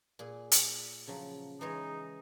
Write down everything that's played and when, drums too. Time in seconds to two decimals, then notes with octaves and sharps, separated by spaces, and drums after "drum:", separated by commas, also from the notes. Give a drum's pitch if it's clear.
0.19 A#2 G#4
0.51 drum: hi-hat
1.07 C#3 F3 F#3
1.61 E3 G#3 D#4 C#5